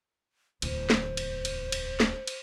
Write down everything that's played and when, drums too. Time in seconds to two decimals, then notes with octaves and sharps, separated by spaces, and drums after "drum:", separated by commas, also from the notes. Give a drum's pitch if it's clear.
0.62 D1 E2 C5, drum: cymbal
0.90 drum: snare
1.17 drum: cymbal
1.45 drum: cymbal
1.72 drum: cymbal
2.00 drum: snare
2.27 drum: cymbal